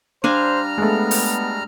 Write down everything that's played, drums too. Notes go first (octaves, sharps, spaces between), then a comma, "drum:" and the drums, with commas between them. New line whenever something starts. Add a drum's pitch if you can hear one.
G3 D4 C5 F5 G#5 A#5 F6
G#3 A3 B3
drum: open hi-hat